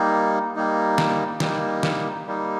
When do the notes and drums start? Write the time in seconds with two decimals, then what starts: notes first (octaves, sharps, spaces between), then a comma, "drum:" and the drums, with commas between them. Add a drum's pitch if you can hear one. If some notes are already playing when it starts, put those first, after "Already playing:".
Already playing: G3 A#3 D#4
0.56 G3 A#3 D#4
0.98 drum: snare
1.40 G3 A#3 D#4, drum: snare
1.83 drum: snare
2.26 G3 A#3 D#4